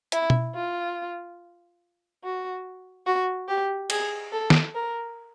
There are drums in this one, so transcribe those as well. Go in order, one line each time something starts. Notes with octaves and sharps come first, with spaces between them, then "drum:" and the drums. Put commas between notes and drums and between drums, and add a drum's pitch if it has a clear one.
E4, drum: hi-hat
drum: tom B2
F4
F#4
F#4
G4
G#4, drum: cymbal
A4
drum: snare
A#4